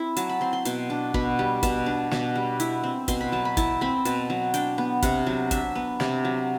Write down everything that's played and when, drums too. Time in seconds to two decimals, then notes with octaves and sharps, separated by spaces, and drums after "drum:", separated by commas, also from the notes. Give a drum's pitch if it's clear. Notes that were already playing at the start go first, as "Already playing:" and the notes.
Already playing: C4 E4
0.17 F#3 A5, drum: hi-hat
0.29 B5
0.41 C4 C6
0.53 C6
0.65 B2 C6, drum: hi-hat
0.90 D4
1.14 B2 B5, drum: kick
1.39 G3
1.63 B2 A5, drum: kick, hi-hat
1.86 D4
2.11 B2, drum: snare
2.35 G3
2.60 E4, drum: hi-hat
2.84 C4
3.08 B2 C6, drum: kick, hi-hat
3.21 B5
3.32 F#3 A5
3.45 B5
3.57 E4 A5, drum: kick, hi-hat
3.81 C4 B5
4.05 B2 A5, drum: hi-hat
4.30 F#3
4.54 D4 G5, drum: hi-hat
4.78 B3
5.02 C3 F#5, drum: kick, hi-hat
5.27 F#3
5.51 D4 E5, drum: kick, hi-hat
5.75 B3
6.00 C3 D5, drum: snare
6.25 F#3